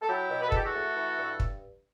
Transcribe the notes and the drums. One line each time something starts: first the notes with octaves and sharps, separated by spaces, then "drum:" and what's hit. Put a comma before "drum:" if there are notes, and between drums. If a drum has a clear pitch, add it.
A4
F#3 E4 G4
B2
B4
A4
E2 G4, drum: kick
F#4 A4
A3
E3
G2
drum: kick